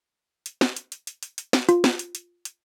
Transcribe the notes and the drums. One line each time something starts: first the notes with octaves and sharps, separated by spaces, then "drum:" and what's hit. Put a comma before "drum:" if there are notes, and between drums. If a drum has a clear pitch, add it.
drum: hi-hat
drum: snare
drum: hi-hat
drum: hi-hat
drum: hi-hat
drum: hi-hat
drum: hi-hat
drum: snare
F4, drum: hi-hat
drum: snare
drum: hi-hat
drum: hi-hat
drum: hi-hat